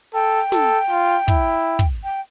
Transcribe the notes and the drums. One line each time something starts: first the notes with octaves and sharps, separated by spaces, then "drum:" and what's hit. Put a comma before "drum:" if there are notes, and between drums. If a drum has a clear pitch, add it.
A4 G5
A4, drum: snare
F4
E4, drum: kick
drum: kick
G5